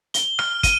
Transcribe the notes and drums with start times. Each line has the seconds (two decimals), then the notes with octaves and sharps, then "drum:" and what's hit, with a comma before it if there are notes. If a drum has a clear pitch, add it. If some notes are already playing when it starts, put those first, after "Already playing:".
0.14 G7, drum: hi-hat
0.39 F6, drum: rim click
0.63 D#7, drum: kick, hi-hat